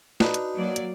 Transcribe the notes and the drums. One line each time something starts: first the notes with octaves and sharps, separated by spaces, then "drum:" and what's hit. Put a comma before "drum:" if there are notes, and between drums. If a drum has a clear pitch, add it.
D4 D#4 F#4 B4, drum: snare
drum: hi-hat
F#3 A#3 D5
drum: hi-hat